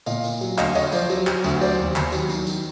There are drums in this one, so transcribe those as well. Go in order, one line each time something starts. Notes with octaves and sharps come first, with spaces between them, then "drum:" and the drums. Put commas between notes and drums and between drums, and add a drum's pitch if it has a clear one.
A#2 D#5 F5, drum: tambourine
A#2, drum: tambourine
F#3, drum: tambourine
D2 D#5 F5, drum: clap
D2 C#5 D#5, drum: tambourine
F3 C5 D5, drum: tambourine
F#3, drum: tambourine
F#3, drum: clap
D2, drum: tambourine
F#3 C5 D5, drum: tambourine
D#2
D#2, drum: clap
F#3, drum: tambourine
D#3, drum: tambourine
D#3, drum: tambourine